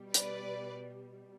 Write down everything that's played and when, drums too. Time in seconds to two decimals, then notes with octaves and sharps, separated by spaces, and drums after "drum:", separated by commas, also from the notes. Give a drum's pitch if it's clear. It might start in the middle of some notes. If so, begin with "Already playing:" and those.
Already playing: B2 G3
0.14 B4 D5, drum: hi-hat